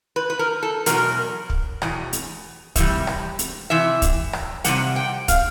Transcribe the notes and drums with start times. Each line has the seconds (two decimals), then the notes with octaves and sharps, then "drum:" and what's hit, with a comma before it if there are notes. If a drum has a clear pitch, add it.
0.16 B4
0.30 B4
0.39 A#4
0.63 A4
0.86 E2 B2 F#3 A#4, drum: hi-hat
1.50 drum: kick
1.82 E2 B2, drum: rim click
2.13 drum: hi-hat
2.76 C3 E3 G3 E5, drum: kick, hi-hat
3.07 drum: rim click
3.39 drum: hi-hat
3.70 C3 E3 E5
4.02 drum: kick, hi-hat
4.33 drum: rim click
4.64 C3 E3 G3 F#5, drum: hi-hat
4.96 G5
5.28 F5, drum: kick, hi-hat